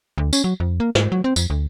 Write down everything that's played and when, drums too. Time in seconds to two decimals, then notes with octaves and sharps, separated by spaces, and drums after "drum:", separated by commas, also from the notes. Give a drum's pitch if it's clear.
0.18 D2
0.33 C#4, drum: tambourine
0.44 F#3
0.60 F2
0.80 A#3
0.95 G#2, drum: snare
1.12 F#3
1.24 C4
1.36 F2, drum: tambourine
1.50 D2